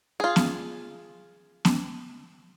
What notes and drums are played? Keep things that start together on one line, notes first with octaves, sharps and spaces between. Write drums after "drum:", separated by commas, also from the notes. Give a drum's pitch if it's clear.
F4 G#4
drum: snare B3
drum: snare B3